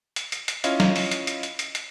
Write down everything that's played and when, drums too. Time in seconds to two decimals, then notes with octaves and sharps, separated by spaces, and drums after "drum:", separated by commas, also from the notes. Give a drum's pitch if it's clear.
0.16 drum: hi-hat
0.32 drum: hi-hat
0.48 drum: hi-hat
0.64 C#4 E4 F4 D#5 F5, drum: hi-hat
0.80 drum: snare F#3
0.96 drum: open hi-hat
1.11 drum: hi-hat
1.27 drum: hi-hat
1.43 drum: hi-hat
1.59 drum: hi-hat
1.75 drum: hi-hat